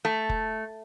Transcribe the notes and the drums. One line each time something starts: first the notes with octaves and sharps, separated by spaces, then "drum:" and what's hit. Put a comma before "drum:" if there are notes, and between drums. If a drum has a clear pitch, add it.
A3
drum: kick F1